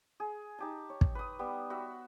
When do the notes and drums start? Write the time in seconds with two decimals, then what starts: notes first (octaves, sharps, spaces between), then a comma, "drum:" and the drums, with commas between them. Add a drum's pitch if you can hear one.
0.20 G#4
0.59 D#4 G4 A5
0.90 C#5
1.01 drum: kick
1.15 B4 D#6
1.39 G3 B3
1.70 F#4 E5